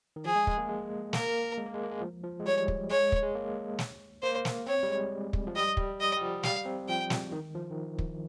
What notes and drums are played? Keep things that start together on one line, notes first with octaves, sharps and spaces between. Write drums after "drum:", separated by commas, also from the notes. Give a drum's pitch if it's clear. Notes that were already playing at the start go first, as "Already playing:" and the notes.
D#3
F3 G#4
G#3
G#3, drum: kick
A#3
G#3
A#3 A#4, drum: snare
G#3
A#3
G#3
A#3
G#3
F3
F3
G#3
G3 C#5
drum: kick
G#3 C#5
drum: kick
G#3
A#3
drum: snare
A#3 C5
drum: snare
C4 C#5
G3
G#3
drum: kick
F3
G3 D#5
G3, drum: kick
D#5
G3
F3
G3 F5, drum: snare
C4
F3 G5
drum: snare
D#3
F3
D#3
drum: kick